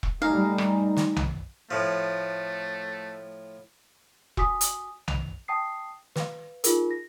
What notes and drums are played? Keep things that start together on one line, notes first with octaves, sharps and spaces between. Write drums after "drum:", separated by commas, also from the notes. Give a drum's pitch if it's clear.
drum: kick E1
G3 A3 D#4 F5 G#5 A#5
drum: rim click
drum: snare
drum: tom B1
A2 F3 A3
F#4 G#5 D6 D#6 B6, drum: kick E1
drum: hi-hat
F7, drum: tom B1
G5 A5 D#6 C7
B4 F5, drum: snare
D#4 F4 G#4 A#4, drum: hi-hat
A#6